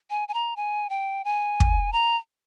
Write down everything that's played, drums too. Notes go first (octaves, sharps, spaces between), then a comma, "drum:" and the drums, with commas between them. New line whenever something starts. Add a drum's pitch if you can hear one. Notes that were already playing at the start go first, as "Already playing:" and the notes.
G#5
G#5
A#5
G#5
G5
G#5
drum: kick
A#5